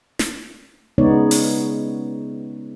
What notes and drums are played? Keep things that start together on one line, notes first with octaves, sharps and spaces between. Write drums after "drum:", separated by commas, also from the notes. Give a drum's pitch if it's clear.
drum: snare
C#3 G#3 B3 D#4 C#5 D5
drum: open hi-hat